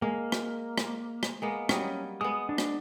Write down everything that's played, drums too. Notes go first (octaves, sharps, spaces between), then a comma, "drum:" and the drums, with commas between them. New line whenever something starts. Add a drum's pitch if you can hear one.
G#3 A#3
drum: rim click
drum: rim click
drum: rim click
G#3 A#3 B3
F#3 G3 C#4 D#5, drum: rim click
G#3 B3 D#6
D4
drum: rim click